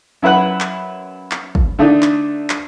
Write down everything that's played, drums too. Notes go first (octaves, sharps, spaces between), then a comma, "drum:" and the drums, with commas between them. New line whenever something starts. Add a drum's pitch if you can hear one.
F#2 E4 B4 F#5 F#6
drum: clap
drum: clap
drum: kick
D3 A3 D4 D#4
drum: clap
drum: clap